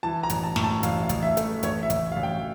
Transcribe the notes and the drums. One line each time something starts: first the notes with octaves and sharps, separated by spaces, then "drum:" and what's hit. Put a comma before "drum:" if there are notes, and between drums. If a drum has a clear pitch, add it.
E3 A5
A#5
A1, drum: hi-hat
A5
A2, drum: snare
A5
A1 F5, drum: hi-hat
F5
A1, drum: kick, hi-hat
E5
A3, drum: hi-hat
A1 C#5, drum: hi-hat
E5
A1, drum: kick, hi-hat
A1 F5
G5